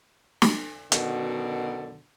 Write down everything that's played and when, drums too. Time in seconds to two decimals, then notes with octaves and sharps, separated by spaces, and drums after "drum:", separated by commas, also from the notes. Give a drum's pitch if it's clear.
0.42 drum: snare
0.92 F#2 B2 D3 D#3, drum: hi-hat